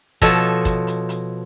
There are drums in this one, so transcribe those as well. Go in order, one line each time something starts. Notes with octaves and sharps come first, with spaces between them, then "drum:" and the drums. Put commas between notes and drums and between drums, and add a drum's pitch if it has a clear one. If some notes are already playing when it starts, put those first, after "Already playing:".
B2 F3 A4 C#5 D#5, drum: kick, hi-hat
drum: kick, hi-hat
drum: hi-hat
drum: hi-hat